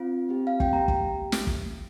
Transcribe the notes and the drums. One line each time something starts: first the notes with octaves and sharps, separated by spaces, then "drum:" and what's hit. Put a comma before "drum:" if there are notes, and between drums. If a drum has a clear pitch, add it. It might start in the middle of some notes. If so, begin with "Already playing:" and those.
Already playing: C4 F4
C4 G4
F5
G5, drum: kick
A#3 G4 A#5
drum: kick
drum: snare
drum: kick